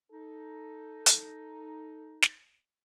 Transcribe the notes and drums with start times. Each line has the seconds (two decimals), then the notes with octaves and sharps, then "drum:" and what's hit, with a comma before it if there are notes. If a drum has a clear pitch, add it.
0.11 D#4 A4
1.06 drum: hi-hat
2.23 drum: snare